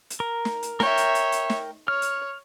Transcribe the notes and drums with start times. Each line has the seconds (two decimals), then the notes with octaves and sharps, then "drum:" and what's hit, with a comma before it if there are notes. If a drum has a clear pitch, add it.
0.10 drum: hi-hat
0.20 A#4
0.45 drum: snare
0.63 drum: hi-hat
0.80 A#4 C#5 E5 G5, drum: snare
0.97 drum: hi-hat
1.15 drum: hi-hat
1.32 drum: hi-hat
1.50 drum: snare
1.88 C#5 F6
2.02 drum: hi-hat